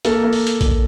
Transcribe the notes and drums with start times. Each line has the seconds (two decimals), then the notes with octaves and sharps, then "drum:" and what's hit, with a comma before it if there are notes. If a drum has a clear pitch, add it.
0.05 A#3 A4, drum: hi-hat
0.23 A#3
0.33 drum: open hi-hat
0.47 drum: hi-hat
0.61 drum: kick A#1, hi-hat